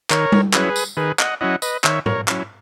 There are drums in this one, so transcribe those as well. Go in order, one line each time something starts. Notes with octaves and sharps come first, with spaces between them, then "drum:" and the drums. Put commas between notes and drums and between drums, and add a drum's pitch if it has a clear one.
D#3 A#4 C#5, drum: clap
drum: tom G3
F#3 C#4 E4 G#4 B4, drum: clap
drum: tambourine
D#3 G#4 B4
D#5 F#5, drum: clap
F#3 C#4 E4 D#5 F#5
B4 D#5, drum: tambourine
D#3 C#5 E5, drum: clap
A#4 C#5, drum: tom A2
F#3 C#4 E4, drum: clap